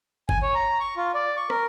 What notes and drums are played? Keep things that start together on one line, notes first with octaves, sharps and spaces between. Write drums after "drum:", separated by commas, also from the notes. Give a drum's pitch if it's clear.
G#5, drum: kick
C#5
A#5
C#6
F4
D5
C#6
A#4, drum: rim click